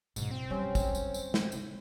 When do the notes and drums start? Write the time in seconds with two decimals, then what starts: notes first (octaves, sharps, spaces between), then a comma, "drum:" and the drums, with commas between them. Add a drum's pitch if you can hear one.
0.16 F#1 B1 G#2, drum: tambourine
0.31 C4
0.50 F#2 G3 C#4
0.75 drum: kick, tambourine
0.95 drum: tambourine
1.14 drum: tambourine
1.34 drum: snare
1.52 C#3, drum: tambourine